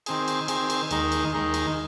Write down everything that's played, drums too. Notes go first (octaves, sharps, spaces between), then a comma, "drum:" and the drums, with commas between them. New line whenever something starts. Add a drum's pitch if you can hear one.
D#3 C4 G#4, drum: cymbal
drum: cymbal
D#3 C4 G#4, drum: cymbal
drum: cymbal
D#2 D#3 G#3 D#4, drum: cymbal
drum: cymbal
D#2 D#3 G#3 D#4
drum: cymbal